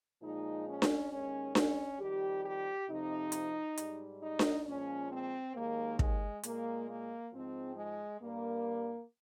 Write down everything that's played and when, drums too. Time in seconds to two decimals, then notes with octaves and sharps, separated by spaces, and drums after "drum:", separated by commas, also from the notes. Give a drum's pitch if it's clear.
0.22 A#2 F3 G#3 D#4
0.66 C#4
0.82 drum: snare D4
1.11 D#2 D#3 G#3 C#4
1.55 C#4, drum: snare D4
2.00 F2 D#3 G3 G4
2.44 G4
2.88 F2 C3 F3 D#4
3.32 drum: hi-hat
3.77 G#2 G3, drum: hi-hat
4.21 D#4
4.39 drum: snare D4
4.66 A#2 F3 G#3 C#4
5.11 C4
5.55 D#2 D#3 G#3 A#3
5.99 G#3, drum: kick
6.43 A#2 G#3 A#3, drum: hi-hat
6.88 A#3
7.33 G#2 F3 G#3 C4
7.77 G#3
8.21 G2 G3 A#3